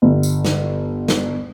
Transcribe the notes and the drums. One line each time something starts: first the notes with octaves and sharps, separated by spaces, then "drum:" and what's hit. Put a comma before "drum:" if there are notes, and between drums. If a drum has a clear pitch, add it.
G1
drum: tambourine
drum: snare
drum: snare